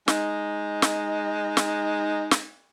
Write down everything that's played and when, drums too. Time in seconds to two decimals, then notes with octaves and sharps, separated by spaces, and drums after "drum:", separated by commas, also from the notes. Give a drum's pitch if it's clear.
0.08 G#3 D#4, drum: snare
0.82 drum: snare
1.57 drum: snare
2.31 drum: snare